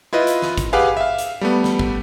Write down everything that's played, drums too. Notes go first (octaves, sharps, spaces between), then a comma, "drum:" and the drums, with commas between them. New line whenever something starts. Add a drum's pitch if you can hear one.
E4 F4 B4 D#5
drum: hi-hat
drum: snare
drum: kick, hi-hat
G4 G#4 B4 F5 F#5 G#5
E5 F5
drum: hi-hat
G3 A3 B3
drum: snare
drum: kick